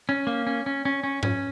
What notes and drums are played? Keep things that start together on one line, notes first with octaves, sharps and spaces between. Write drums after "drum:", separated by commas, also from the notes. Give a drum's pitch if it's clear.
C#4
A#3
C#4
C#4
C#4
C#4
C#4, drum: tom G#2